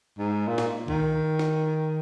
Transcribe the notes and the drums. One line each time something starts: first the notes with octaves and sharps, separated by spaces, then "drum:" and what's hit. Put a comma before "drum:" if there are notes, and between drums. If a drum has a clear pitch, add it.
G#2
A#2
drum: snare
D#3, drum: kick B1
drum: snare